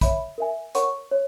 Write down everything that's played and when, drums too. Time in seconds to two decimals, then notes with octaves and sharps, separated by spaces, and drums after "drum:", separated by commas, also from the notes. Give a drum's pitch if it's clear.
0.01 C#5 E5 B5, drum: kick, hi-hat
0.38 A#4 E5 G#5
0.75 A#4 C#5 F#5 C#6, drum: hi-hat
1.11 C#5